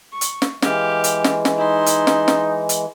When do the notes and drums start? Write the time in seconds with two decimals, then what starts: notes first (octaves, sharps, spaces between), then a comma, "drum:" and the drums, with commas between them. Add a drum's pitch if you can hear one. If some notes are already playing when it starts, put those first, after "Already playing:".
0.12 C#6
0.21 drum: hi-hat
0.42 drum: snare
0.62 E3 G#3 G4 F5, drum: snare
1.04 drum: hi-hat
1.24 drum: snare
1.45 drum: snare
1.57 D#4 E4 C6
1.86 drum: hi-hat
2.07 drum: snare
2.28 drum: snare
2.69 drum: hi-hat